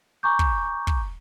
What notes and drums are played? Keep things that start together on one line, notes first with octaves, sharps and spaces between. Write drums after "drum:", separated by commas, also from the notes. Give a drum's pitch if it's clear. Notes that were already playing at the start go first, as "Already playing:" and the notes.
G#5 A#5 C#6 D6 G6
drum: kick
drum: kick